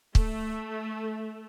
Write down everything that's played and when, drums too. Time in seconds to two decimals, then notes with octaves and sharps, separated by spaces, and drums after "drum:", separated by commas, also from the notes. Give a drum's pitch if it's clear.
0.15 A3, drum: kick